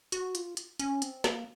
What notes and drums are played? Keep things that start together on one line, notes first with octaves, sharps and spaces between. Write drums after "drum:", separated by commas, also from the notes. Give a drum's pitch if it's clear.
F#4, drum: hi-hat
F4, drum: hi-hat
drum: hi-hat
C#4, drum: hi-hat
C4, drum: hi-hat
A#3, drum: snare